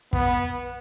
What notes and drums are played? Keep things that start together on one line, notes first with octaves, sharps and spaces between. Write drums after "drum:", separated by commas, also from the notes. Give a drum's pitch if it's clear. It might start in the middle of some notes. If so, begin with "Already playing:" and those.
B3, drum: kick